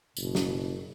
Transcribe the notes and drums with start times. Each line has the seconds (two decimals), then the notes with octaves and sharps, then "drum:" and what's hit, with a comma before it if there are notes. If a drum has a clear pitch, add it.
0.17 F#1 B2, drum: tambourine
0.35 drum: snare